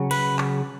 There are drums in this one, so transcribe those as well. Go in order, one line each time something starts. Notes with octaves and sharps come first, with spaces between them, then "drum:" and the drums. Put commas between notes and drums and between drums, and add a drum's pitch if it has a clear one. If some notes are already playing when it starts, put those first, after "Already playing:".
Already playing: C#3 F#3 C#4
B4, drum: cymbal
drum: clap